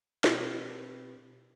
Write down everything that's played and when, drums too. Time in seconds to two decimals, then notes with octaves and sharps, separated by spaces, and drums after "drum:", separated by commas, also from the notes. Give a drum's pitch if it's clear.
0.24 B2 C4 G4 B4, drum: snare